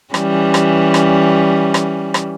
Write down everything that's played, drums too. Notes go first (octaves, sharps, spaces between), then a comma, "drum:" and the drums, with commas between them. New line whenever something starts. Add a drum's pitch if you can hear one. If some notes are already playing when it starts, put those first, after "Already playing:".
E3 G3 C#4, drum: rim click
drum: rim click
drum: rim click
drum: rim click
drum: rim click